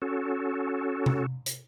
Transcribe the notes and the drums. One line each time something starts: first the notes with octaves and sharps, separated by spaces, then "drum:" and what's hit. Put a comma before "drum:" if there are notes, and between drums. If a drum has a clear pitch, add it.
C#4 F#4 A4
drum: tom C3
drum: hi-hat